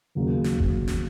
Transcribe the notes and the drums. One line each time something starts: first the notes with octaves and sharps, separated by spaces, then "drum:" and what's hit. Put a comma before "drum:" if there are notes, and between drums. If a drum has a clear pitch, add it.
D#2 C#3 F#3 A#3
drum: snare
drum: kick F#1
drum: snare